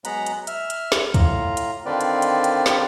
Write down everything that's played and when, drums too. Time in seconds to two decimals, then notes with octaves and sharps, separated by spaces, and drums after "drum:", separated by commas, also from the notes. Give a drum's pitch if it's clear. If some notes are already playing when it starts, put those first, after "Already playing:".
0.05 F#3 G#3 B3 F#5 A#5 B5, drum: hi-hat
0.26 drum: hi-hat
0.47 E5 F6, drum: hi-hat
0.70 drum: hi-hat
0.92 drum: snare
1.14 A2 F4 A#5, drum: kick, hi-hat
1.57 drum: hi-hat
1.85 D3 D#3 C4 F4 B4 D5
2.01 drum: hi-hat
2.22 drum: hi-hat
2.44 drum: hi-hat
2.66 drum: snare